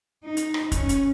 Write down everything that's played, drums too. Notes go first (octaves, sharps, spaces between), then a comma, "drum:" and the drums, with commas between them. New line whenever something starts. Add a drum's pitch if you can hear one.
D#4
drum: hi-hat
drum: rim click
C#4, drum: kick, hi-hat
drum: hi-hat